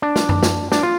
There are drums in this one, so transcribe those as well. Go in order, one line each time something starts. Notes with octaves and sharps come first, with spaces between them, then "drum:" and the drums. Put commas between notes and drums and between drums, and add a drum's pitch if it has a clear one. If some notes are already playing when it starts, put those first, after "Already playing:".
D4
drum: snare
drum: tom F#2
drum: snare
D4, drum: snare
F4